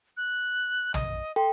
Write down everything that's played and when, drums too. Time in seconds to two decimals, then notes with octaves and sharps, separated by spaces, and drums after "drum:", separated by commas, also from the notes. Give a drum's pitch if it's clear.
0.17 F#6
0.94 D#5, drum: tom
1.36 A4 G5 C6